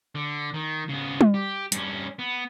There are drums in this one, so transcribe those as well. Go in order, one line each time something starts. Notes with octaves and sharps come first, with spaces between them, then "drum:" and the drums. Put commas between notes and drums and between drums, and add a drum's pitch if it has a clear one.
D3
D#3
C#3 B3
drum: tom G3
G4
G2 C#4, drum: hi-hat
B3